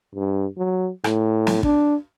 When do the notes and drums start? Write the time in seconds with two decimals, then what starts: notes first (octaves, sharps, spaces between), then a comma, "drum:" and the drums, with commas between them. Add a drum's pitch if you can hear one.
0.15 G2
0.57 F#3
1.04 A2, drum: rim click
1.47 drum: snare
1.63 D4, drum: kick